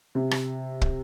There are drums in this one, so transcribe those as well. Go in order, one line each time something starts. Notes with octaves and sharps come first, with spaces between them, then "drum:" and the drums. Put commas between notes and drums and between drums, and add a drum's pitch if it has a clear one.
C3
drum: rim click
drum: kick